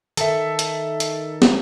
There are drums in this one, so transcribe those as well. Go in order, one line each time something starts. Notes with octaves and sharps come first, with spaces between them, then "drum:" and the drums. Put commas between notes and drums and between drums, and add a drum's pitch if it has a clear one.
D#3 A4 E5, drum: hi-hat
drum: hi-hat
drum: hi-hat
drum: snare